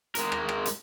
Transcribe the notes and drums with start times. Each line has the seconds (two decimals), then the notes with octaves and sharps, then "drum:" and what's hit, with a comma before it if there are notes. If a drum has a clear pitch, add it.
0.15 G#3 A#4, drum: hi-hat
0.32 drum: rim click
0.49 drum: rim click
0.66 drum: hi-hat